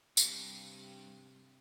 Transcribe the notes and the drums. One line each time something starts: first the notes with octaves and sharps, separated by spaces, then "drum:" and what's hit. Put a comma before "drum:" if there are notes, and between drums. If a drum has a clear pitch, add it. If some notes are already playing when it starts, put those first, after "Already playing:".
G2 C3, drum: tambourine